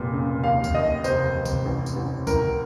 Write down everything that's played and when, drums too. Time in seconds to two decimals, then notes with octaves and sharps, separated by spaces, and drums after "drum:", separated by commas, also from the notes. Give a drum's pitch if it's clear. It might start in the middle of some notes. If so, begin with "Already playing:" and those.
Already playing: F1 A#2
0.13 C#3
0.44 D#2 F5
0.64 drum: kick, tambourine
0.74 D#2 D#5
1.04 F1 C5, drum: tambourine
1.35 F1
1.45 drum: kick, tambourine
1.65 A1
1.86 drum: tambourine
1.96 A1
2.27 A2 A#4, drum: kick, tambourine